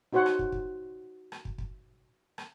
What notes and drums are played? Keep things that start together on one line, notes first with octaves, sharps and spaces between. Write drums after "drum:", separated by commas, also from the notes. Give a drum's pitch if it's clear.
D#4 F#4 C5 C#5 F#5
drum: rim click
drum: kick
drum: kick
drum: rim click
drum: kick
drum: kick
drum: rim click